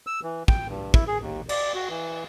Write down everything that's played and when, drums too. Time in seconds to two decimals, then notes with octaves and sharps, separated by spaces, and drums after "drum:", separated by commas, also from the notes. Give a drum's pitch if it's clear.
0.07 E6
0.23 E3
0.48 G5, drum: kick
0.68 G2
0.94 E4, drum: kick
1.07 G#4
1.21 D#2
1.49 D5, drum: cymbal
1.75 F#4
1.89 E3